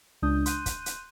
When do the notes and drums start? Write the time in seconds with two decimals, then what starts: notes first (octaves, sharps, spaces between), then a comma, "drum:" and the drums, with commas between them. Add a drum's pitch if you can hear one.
0.22 C#2 G#3 D4 D#6 G6
0.46 C6 F#6 G6 D#7, drum: hi-hat
0.66 drum: kick, hi-hat
0.86 drum: hi-hat